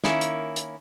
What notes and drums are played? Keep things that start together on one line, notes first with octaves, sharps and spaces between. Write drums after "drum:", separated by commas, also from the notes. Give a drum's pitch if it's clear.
D#3 A#3 C#4 E4, drum: snare
drum: hi-hat
drum: hi-hat